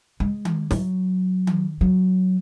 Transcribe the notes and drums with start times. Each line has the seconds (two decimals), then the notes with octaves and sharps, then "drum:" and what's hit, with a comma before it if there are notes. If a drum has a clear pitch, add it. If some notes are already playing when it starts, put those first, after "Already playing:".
0.20 G#3
0.45 drum: tom D#3
0.71 F#3, drum: snare
1.47 drum: tom D#3
1.81 F#3